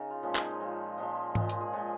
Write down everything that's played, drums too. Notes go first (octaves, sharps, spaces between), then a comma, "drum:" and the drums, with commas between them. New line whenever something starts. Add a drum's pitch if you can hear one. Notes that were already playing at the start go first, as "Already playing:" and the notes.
Already playing: C#3 D#4 A#4
F4
A#2 F3 G#3 C#4
D#4, drum: clap
A#2 F3 G#3
A#2 F3 G#3
A#2 F3 G#3, drum: tom G#2
drum: hi-hat
G#4
A#2 G#3 C#5